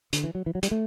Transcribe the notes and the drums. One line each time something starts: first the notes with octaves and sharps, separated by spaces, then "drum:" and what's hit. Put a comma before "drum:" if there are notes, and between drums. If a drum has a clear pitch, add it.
D3, drum: hi-hat
E3
F#3
E3
F#3
G3, drum: hi-hat
A3